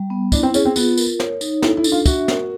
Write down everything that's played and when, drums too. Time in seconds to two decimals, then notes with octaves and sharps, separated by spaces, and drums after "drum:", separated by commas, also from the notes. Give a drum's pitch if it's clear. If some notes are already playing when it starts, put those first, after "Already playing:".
Already playing: G3
0.10 B3
0.32 D4 E4, drum: kick, tambourine
0.43 C4
0.54 C#4 G#4, drum: tambourine
0.65 C4
0.76 B3 F4, drum: tambourine
0.98 A#4, drum: tambourine
1.20 C#5, drum: snare
1.41 D#4, drum: tambourine
1.62 E4 A4, drum: snare
1.77 E4
1.84 D4, drum: tambourine
1.92 F4
2.06 F#4 E5, drum: kick, tambourine
2.28 A#4, drum: snare